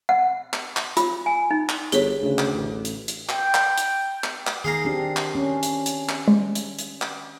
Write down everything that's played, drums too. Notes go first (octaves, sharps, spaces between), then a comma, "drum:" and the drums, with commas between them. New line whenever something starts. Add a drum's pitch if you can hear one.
F#5
drum: clap
drum: clap
F4, drum: hi-hat
G#5
D#4
drum: clap
G1 G#4 C#5, drum: hi-hat
D2 C#3
drum: clap
A1
drum: hi-hat
drum: hi-hat
G5, drum: clap
drum: clap
drum: hi-hat
drum: clap
drum: clap
D#3 G#4 F5 A#5
C4 D4 G4
drum: clap
C#4
drum: hi-hat
drum: hi-hat
drum: clap
G#3
drum: hi-hat
drum: hi-hat
drum: clap